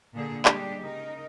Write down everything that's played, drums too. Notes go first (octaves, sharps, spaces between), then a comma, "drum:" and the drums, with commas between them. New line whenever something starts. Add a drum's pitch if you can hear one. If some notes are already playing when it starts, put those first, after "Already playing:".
A#2 D3 G#4
G3 G#3 D4 G4, drum: clap
C#3 D#4 A#4 D#5